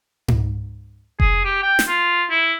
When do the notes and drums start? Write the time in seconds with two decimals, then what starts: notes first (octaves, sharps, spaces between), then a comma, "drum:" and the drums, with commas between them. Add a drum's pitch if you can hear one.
0.28 drum: tom G#2
1.20 G#4, drum: kick F1
1.45 G4
1.63 G5
1.79 drum: snare
1.88 F4
2.30 E4